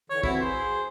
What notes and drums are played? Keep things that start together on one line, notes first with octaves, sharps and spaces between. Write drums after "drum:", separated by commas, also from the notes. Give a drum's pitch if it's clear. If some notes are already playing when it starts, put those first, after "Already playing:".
D3 E3 C#5
E3 C4 E4 F#4, drum: kick
G#4 C5